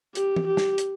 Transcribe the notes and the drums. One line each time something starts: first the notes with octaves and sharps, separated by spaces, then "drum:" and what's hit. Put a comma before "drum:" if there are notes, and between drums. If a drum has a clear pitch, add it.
G4, drum: hi-hat
drum: tom
G4
drum: snare
drum: hi-hat